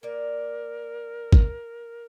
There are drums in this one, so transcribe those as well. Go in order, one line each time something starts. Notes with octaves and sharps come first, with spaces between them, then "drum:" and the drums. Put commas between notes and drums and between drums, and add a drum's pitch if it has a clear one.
A#3 A#4 D5
drum: kick